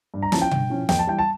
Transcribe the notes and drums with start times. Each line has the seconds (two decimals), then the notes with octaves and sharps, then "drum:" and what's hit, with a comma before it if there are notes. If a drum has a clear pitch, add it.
0.14 G2
0.22 A#5
0.32 F3 C#4 E4 A5, drum: snare
0.42 G5
0.51 G2, drum: tom B2
0.70 F3 C#4 E4
0.89 F2 G5, drum: snare
0.99 A5
1.07 E3 G3 G5
1.19 A5